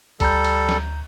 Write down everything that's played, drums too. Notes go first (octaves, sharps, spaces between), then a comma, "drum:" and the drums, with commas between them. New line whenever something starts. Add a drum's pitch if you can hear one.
D2 G3 A4 A#5 G6, drum: kick, cymbal
drum: cymbal
drum: snare